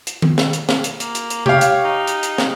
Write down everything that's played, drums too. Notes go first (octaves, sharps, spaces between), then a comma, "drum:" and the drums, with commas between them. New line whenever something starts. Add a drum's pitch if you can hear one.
drum: hi-hat
drum: tom D#3
drum: snare
drum: hi-hat
drum: snare
drum: hi-hat
A#3, drum: hi-hat
drum: hi-hat
drum: hi-hat
G4 C#5 F5, drum: tom C3
drum: hi-hat
D#4
drum: hi-hat
drum: hi-hat
drum: snare